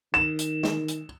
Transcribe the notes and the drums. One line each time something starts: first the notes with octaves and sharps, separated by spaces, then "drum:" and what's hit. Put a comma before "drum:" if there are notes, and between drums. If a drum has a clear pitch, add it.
D#3 E7
drum: hi-hat
drum: snare
drum: hi-hat